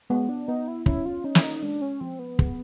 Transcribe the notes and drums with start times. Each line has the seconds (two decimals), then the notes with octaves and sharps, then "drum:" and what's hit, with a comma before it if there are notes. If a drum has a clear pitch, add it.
0.10 G#3 B3
0.29 D4
0.48 B3 D#4
0.68 E4
0.86 C#4 E4, drum: kick
1.06 F4
1.24 C#4 D#4
1.35 E4, drum: snare
1.43 D#4
1.62 G#3 D4
1.82 C#4
2.00 F3 C4
2.19 B3
2.39 G#4, drum: kick